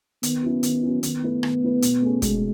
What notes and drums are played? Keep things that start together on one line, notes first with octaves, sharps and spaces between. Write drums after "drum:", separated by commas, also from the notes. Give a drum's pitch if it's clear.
D#3 B3, drum: hi-hat
F#3 C#4 E4
D#3, drum: hi-hat
F#3 C#4 E4
D#3 B3, drum: hi-hat
A3 E4 B4
D#3, drum: rim click
A3 E4 B4
B2, drum: hi-hat
A3 C#4 G#4
B2 G#3, drum: kick, hi-hat